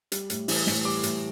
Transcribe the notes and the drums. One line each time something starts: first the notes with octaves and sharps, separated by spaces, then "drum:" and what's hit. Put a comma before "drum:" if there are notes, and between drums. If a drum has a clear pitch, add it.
G3, drum: hi-hat
A2, drum: hi-hat
E3, drum: open hi-hat
A2, drum: snare
G3 D6
A2, drum: hi-hat